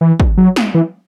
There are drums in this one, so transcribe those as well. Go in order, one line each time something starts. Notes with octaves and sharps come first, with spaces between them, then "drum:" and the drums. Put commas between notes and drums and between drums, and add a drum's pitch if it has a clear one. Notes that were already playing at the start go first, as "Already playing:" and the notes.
E3
drum: kick
F#3
drum: snare
E3